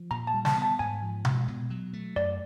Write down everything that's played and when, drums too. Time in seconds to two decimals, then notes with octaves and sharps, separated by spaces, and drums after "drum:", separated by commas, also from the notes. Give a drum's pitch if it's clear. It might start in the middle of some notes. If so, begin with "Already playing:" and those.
Already playing: F3
0.11 A#2 A#5
0.27 A5
0.34 G3
0.45 A5, drum: snare
0.57 B3
0.62 A5
0.79 G#2 G#5
1.02 F3
1.25 G#3, drum: tom B2
1.48 B2
1.70 F#3
1.93 A3
2.16 F#2 D5